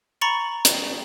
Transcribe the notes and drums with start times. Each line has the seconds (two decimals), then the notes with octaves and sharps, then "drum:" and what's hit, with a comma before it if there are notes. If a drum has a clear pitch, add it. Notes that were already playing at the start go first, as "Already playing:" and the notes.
0.21 A#5 B5 C#6 A6 C#7
0.65 drum: hi-hat